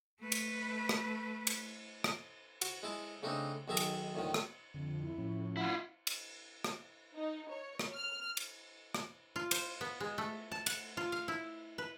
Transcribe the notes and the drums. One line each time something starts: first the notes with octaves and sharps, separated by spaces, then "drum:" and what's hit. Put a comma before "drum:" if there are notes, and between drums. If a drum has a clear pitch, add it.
A3 B4
drum: cymbal
drum: rim click
drum: cymbal
drum: rim click
F#4, drum: cymbal
G#3 E4 A5
C#3 A3 C4 D4 D#4
B1 D#3 G#4 E5 A5 A#5
drum: cymbal
D2 A2 D#3
drum: rim click
F2 D3
E4
A2 F3 C#4
E4 F4 F#5
drum: cymbal
drum: rim click
D#4
C#5
drum: rim click
F6
drum: cymbal
drum: rim click
F4
C5, drum: cymbal
B3
G#3
A3
A5
F#5, drum: cymbal
F4
F5
E4
B4